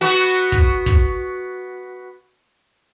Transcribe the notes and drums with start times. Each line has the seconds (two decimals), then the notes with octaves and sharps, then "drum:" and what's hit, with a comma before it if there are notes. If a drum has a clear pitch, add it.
0.01 B3 F#4
0.52 drum: kick
0.86 drum: kick